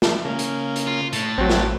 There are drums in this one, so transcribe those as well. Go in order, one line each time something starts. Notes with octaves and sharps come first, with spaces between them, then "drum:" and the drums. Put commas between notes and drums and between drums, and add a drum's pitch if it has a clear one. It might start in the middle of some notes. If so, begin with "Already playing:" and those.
drum: snare
C#3 A#3
drum: hi-hat
drum: hi-hat
F4
A2 A5, drum: hi-hat
A1 F#3 C4
drum: snare